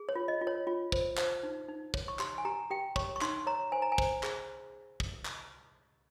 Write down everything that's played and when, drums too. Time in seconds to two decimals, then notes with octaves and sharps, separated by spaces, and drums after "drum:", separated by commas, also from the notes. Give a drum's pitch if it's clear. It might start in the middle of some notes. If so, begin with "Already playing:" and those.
Already playing: G#4
0.09 C#5
0.16 F4
0.28 D#5
0.41 F4
0.47 C#5
0.67 F4
0.92 C5, drum: kick
1.18 C5, drum: clap
1.43 D#4
1.69 D#4
1.94 C#5, drum: kick
2.08 C#6
2.19 G4 C6, drum: clap
2.38 G#5
2.45 G4 A#5
2.70 G4 G5
2.96 C#5 C#6, drum: kick
3.16 C#6
3.21 D#4 C6, drum: clap
3.47 C#5 A#5
3.72 C5 G#5
3.82 A#5
3.92 G#5
3.98 C5, drum: kick
4.23 G#4, drum: clap
5.00 drum: kick
5.26 drum: clap